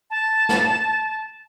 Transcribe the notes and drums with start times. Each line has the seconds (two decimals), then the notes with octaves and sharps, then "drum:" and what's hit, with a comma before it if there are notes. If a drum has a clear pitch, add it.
0.10 A5
0.49 drum: snare